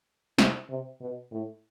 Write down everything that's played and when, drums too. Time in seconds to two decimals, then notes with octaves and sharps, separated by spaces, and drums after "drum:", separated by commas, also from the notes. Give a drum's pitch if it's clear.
0.38 C3, drum: snare
0.69 C3
1.00 B2
1.31 A2